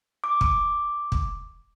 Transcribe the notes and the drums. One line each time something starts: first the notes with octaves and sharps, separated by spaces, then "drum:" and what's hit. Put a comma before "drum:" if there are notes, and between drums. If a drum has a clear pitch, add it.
D6
drum: kick
drum: kick